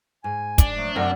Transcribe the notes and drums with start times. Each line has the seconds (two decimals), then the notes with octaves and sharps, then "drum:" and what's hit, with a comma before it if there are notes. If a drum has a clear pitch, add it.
0.24 G#2 G#5
0.58 D4, drum: kick, hi-hat
0.76 F3 F#3 A3
0.96 F#2 C3 A#4 F#5